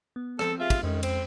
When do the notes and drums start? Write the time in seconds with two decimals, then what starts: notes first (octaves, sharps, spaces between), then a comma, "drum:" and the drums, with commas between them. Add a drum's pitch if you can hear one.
0.16 B3
0.39 F3 C4 A4, drum: rim click
0.60 F4 G4 G#4 E5
0.70 drum: kick, cymbal
0.83 F2 D#3 G#3 C#4
1.03 C4, drum: cymbal